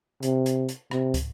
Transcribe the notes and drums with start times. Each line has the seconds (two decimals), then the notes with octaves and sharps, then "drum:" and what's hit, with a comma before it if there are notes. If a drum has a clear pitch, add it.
0.23 C3, drum: hi-hat
0.46 drum: hi-hat
0.69 drum: hi-hat
0.91 C3, drum: rim click
1.14 drum: kick, hi-hat